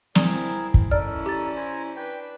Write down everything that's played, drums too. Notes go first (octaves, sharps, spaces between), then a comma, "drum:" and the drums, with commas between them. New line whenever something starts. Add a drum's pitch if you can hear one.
G3 C4 E4 G#4 A#4 D5, drum: snare
drum: kick
E3 C#4 D#4 E4 A4 A#4 D5 F6
G4 A6
C5 G#5 A#5
D4 B4 G5